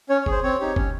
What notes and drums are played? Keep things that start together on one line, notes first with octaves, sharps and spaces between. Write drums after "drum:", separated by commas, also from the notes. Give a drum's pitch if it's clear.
C#4 C#5
C#5
G#4, drum: kick
C5
C4 C#5
D#4 G4
C#4, drum: kick